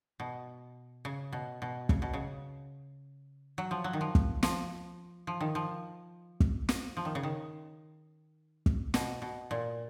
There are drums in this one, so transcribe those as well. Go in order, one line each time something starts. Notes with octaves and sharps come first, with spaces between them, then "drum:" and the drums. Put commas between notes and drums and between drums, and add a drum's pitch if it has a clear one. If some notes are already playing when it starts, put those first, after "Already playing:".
B2
C#3
B2
B2
C#3, drum: kick
B2
C#3
F#3
F3
F#3
D#3
F3
drum: kick
F3, drum: snare
F3
D#3
F3
drum: kick
drum: snare
F3
D#3
C#3
D#3
drum: kick
B2, drum: snare
B2
A#2